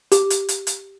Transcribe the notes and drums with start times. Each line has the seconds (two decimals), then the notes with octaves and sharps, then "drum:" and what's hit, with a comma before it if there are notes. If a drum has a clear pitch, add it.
0.12 G4, drum: hi-hat
0.30 drum: hi-hat
0.49 drum: hi-hat
0.67 drum: hi-hat